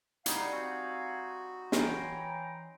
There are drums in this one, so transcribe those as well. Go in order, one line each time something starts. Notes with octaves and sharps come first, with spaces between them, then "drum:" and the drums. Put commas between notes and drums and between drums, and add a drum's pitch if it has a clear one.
G3 D#4 F5 F#5 G#5, drum: hi-hat
C4 F#4
E3 C#5 G5 A#5 C6, drum: snare